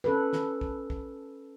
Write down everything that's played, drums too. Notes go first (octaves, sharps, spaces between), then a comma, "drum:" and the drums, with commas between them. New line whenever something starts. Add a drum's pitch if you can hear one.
C#4 A4 B4
drum: snare
drum: kick
drum: kick